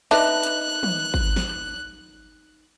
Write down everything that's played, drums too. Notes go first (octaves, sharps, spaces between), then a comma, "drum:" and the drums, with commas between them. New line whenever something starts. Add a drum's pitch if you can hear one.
D4 D#4 B4 D#5 E5 F#6
drum: hi-hat
drum: tom
drum: kick
drum: snare